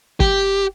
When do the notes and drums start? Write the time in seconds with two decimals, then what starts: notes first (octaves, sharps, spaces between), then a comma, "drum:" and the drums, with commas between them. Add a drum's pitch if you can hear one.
0.20 G4, drum: kick